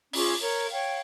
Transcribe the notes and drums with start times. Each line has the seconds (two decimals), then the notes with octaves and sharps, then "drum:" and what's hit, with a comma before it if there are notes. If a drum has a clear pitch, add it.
0.13 C#4 F4 G#4 D6, drum: open hi-hat
0.39 A#4 C#5
0.69 C#5 F5 G5